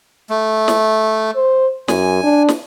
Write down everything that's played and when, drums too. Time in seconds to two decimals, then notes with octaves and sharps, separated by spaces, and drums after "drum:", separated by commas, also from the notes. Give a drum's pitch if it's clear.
0.29 A3
0.68 drum: snare
1.35 C5
1.88 F#2 G#5, drum: snare
2.23 D4
2.49 drum: snare